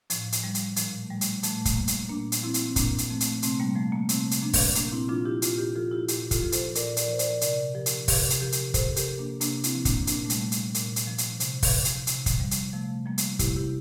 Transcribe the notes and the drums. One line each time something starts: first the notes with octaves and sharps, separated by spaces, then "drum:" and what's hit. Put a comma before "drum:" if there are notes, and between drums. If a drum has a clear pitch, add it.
A2 F3, drum: hi-hat
drum: hi-hat
F3 G3
drum: hi-hat
A#2 F3, drum: hi-hat
A3
F3 G3
drum: hi-hat
A#2 F3 A3, drum: hi-hat
drum: kick, hi-hat
F3 G3 A#3
drum: hi-hat
A#2 A#3 D4
drum: hi-hat
F3 C4 E4
drum: hi-hat
C4
A#2 A#3 D4, drum: kick, hi-hat
drum: hi-hat
F3 A3 C4
drum: hi-hat
C3 A3 C4, drum: hi-hat
G3 A#3
F3 A3
G3 A#3
C3 A3 C4, drum: hi-hat
drum: hi-hat
F3 A#3 D4
drum: kick, open hi-hat
A#2 A#3 D4, drum: hi-hat
C4 E4
F3 D4 F4
E4 G4
A#2 D4 F4, drum: hi-hat
E4 G4
F3 F4 A4
E4 G4
A#2 E4 G4, drum: hi-hat
F4 A4, drum: kick, hi-hat
F3
A4 C5, drum: hi-hat
A#2 A#4 D5, drum: hi-hat
A#4 D5, drum: hi-hat
F3 C5
A#4 D5, drum: hi-hat
C3 A#4 D5, drum: hi-hat
F3 G4 A#4
drum: hi-hat
C3 G4 A#4, drum: kick, open hi-hat
drum: hi-hat
F3 G4 A#4
drum: hi-hat
C3 A4 C5, drum: kick, hi-hat
G4 A#4, drum: hi-hat
F3
A#3 D4
C3 A#3 D4, drum: hi-hat
C4 E4, drum: hi-hat
F3
A#3 D4, drum: kick, hi-hat
A#2 A#3 D4, drum: hi-hat
A3
G3, drum: hi-hat
F3
G3, drum: hi-hat
A#2, drum: hi-hat
drum: hi-hat
F3
drum: hi-hat
C3, drum: hi-hat
drum: kick, open hi-hat
F3
drum: hi-hat
C3, drum: hi-hat
F3, drum: kick, hi-hat
F3 G3
drum: hi-hat
C3 F3 A3
F3 G3 A#3
drum: hi-hat
C3 E4 G4, drum: kick, hi-hat
E4 G4